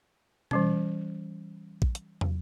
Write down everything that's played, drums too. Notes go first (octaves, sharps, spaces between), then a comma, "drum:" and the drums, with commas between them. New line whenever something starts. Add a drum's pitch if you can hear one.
E3 G3 C#4, drum: tom B2
drum: kick A#1
drum: hi-hat
drum: tom